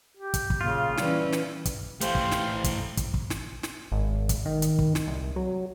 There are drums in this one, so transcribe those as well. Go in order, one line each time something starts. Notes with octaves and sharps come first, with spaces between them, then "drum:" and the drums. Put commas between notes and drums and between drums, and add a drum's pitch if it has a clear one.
G4
drum: kick, hi-hat
drum: kick
A#2 C#3 F4
E3 G3 C#4, drum: snare
drum: snare
drum: kick, hi-hat
E3 A3 G4 C5 F5, drum: hi-hat
drum: kick
drum: snare
drum: kick, hi-hat
drum: kick, hi-hat
drum: kick
drum: snare
drum: snare
G#1
drum: kick, hi-hat
D#3
drum: hi-hat
drum: kick
drum: snare
C2
F#3